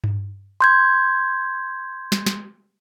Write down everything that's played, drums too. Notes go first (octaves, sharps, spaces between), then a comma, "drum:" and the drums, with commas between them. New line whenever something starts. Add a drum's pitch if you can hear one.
drum: tom G2
C6 G6 G#6
drum: snare
drum: snare